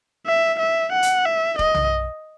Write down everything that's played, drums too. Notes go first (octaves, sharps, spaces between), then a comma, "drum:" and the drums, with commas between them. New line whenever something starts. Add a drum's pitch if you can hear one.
E5
E5
F#5
drum: hi-hat
E5
D#5, drum: kick E1
drum: tom B1